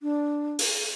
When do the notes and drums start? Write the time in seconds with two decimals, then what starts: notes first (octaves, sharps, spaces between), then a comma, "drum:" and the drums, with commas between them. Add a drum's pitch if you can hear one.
0.03 D4
0.59 drum: open hi-hat